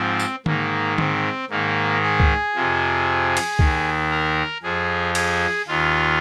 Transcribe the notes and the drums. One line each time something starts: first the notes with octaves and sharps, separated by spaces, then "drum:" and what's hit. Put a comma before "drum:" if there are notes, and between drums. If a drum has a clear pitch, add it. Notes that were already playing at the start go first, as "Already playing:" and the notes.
Already playing: G#2 F3 C4
drum: tambourine
G#2 D#3 A#3, drum: tom D3
C4, drum: tom D3
G#2 D#3 A#3
G#4
drum: kick C#2
F2 C3 F3
drum: cymbal
D#2 D#3, drum: kick C#2
A#4
F2 F3 G#4
G#4, drum: cymbal
D#2 D#3 F4